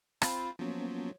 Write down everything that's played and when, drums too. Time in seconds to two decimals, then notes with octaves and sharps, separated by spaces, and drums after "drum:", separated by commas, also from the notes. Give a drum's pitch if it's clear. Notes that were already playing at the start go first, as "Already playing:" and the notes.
0.22 C4 F4 B5, drum: rim click
0.59 F3 F#3 A#3 B3 C#4 C#5